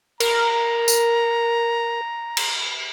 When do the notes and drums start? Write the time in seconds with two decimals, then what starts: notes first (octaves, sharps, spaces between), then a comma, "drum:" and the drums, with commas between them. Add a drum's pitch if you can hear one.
0.20 A#4 A#5, drum: cymbal
0.88 drum: tambourine
2.37 drum: cymbal